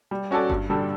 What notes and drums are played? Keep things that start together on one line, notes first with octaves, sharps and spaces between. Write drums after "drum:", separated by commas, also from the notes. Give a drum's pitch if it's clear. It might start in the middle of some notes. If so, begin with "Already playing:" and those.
G3
C#4 F#4 A4 D5
G2, drum: kick G1
D3 G3 D4 A4